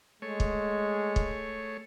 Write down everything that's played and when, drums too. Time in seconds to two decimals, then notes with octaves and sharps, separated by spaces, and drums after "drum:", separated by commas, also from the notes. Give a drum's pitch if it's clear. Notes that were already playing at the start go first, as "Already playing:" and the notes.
0.22 G#3 A3 G#4 C#5
0.40 drum: kick
1.16 drum: kick